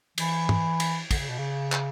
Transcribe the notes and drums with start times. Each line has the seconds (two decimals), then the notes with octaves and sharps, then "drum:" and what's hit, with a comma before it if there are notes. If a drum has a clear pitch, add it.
0.18 E3, drum: cymbal
0.49 drum: tom
0.80 drum: cymbal
1.11 D3, drum: kick, cymbal
1.19 C#3
1.28 B2
1.38 C#3
1.72 drum: clap